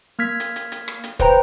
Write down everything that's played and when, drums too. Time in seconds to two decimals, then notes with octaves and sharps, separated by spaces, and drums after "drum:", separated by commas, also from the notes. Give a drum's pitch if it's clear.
0.19 A#3 F6 G#6 B6
0.40 drum: hi-hat
0.56 drum: hi-hat
0.72 drum: hi-hat
0.88 drum: rim click
1.04 drum: hi-hat
1.19 B4 C5 G5 A#5, drum: kick, hi-hat